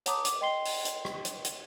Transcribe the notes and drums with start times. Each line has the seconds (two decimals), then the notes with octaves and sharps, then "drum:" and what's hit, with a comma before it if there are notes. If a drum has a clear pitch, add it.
0.06 C#5 F#5 A5 A#5 D6 D#6, drum: hi-hat
0.25 D6, drum: hi-hat
0.41 D#5 G5 C6 C7 G7
0.65 drum: open hi-hat
0.85 drum: hi-hat
1.05 drum: rim click
1.25 drum: hi-hat
1.45 drum: hi-hat